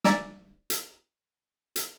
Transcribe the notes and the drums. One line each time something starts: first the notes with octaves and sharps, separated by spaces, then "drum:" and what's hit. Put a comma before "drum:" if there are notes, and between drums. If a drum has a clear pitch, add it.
D5 G#5 A#5 D6 E6, drum: snare
drum: hi-hat
drum: hi-hat